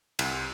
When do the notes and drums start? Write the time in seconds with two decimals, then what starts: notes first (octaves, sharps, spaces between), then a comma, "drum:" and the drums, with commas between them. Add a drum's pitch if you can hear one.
0.19 C2, drum: cymbal